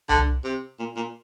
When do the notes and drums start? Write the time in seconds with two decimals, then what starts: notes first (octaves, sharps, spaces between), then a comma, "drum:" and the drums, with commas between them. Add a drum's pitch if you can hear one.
0.09 D3, drum: tom C2
0.44 C3
0.79 A#2
0.96 A#2